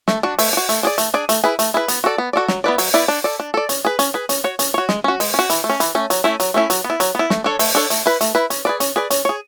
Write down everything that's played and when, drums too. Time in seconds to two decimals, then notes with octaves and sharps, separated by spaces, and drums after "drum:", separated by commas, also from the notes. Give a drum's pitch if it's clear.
0.08 A3, drum: snare
0.23 D4 F#4
0.39 A3, drum: open hi-hat
0.53 D4
0.57 F#4
0.69 A3, drum: hi-hat
0.83 D4 G#4 D5
0.98 A3, drum: hi-hat
1.14 D4 G#4 D5
1.29 A3, drum: hi-hat
1.44 E4 G#4 B4
1.59 A3, drum: hi-hat
1.74 E4 G#4 B4
1.88 B3, drum: hi-hat
2.04 F#4 A4 D5
2.18 B3
2.33 F#4 A4 D5
2.48 F#3, drum: snare
2.64 B3 E4 B4 D5
2.78 F#3, drum: open hi-hat
2.94 B3 E4 B4 D5
3.08 D4
3.24 A4 D5
3.40 D4
3.54 A4 D5
3.69 C#4, drum: hi-hat
3.85 G#4 B4
3.99 C#4, drum: hi-hat
4.14 G#4 B4
4.29 C#4, drum: hi-hat
4.44 F#4 C#5
4.59 C#4, drum: hi-hat
4.74 F#4 C#5
4.89 G#3, drum: snare
5.04 C#4 F#4
5.20 G#3, drum: open hi-hat
5.34 C#4 F#4
5.50 E3, drum: hi-hat
5.64 A3
5.70 C#4
5.80 E3, drum: hi-hat
5.95 A3 C#4
6.10 F#3, drum: hi-hat
6.24 A3 C#4 E4
6.40 F#3, drum: hi-hat
6.54 A3 C#4 E4
6.70 F#3, drum: hi-hat
6.84 B3
6.90 E4
7.00 F#3, drum: hi-hat
7.15 B3 E4
7.30 A3, drum: snare
7.44 D4 A4 C#5
7.59 A3, drum: open hi-hat
7.75 D4 A4 C#5
7.90 A3, drum: hi-hat
8.06 E4 B4
8.21 A3, drum: hi-hat
8.35 E4 B4
8.50 C#4, drum: hi-hat
8.65 G#4 B4 D5
8.80 C#4, drum: hi-hat
8.96 G#4 B4 D5
9.10 C#4, drum: hi-hat
9.25 G#4 C#5